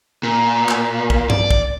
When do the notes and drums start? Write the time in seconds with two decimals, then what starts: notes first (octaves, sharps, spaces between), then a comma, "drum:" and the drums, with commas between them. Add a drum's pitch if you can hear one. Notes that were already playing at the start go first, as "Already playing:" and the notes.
0.23 A#2
0.69 drum: clap
1.10 drum: kick
1.30 D5, drum: tom G2
1.51 drum: kick